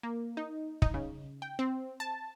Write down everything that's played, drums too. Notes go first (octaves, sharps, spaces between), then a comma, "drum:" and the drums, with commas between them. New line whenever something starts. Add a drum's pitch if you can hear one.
A#3
D#4
D#4, drum: kick
C#3
G5
C4
A5